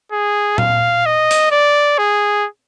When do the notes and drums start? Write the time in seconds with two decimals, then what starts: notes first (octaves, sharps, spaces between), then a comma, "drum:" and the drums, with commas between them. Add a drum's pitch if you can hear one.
0.12 G#4
0.58 F5, drum: tom A#2
1.06 D#5
1.31 drum: hi-hat
1.51 D5
1.98 G#4